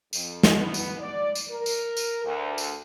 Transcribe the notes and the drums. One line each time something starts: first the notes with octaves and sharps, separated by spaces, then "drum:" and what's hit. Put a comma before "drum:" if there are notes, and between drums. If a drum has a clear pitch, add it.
F2, drum: tambourine
drum: snare
B3
drum: tambourine
D5
drum: tambourine
A#4
drum: tambourine
drum: tambourine
D2
drum: tambourine